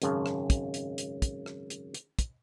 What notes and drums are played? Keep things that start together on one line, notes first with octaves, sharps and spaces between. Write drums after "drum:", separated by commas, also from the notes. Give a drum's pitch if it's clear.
G#1 F#2 C#3 A5, drum: hi-hat
drum: rim click
drum: kick, hi-hat
drum: hi-hat
drum: hi-hat
drum: kick, hi-hat
drum: rim click
drum: hi-hat
drum: hi-hat
drum: kick, hi-hat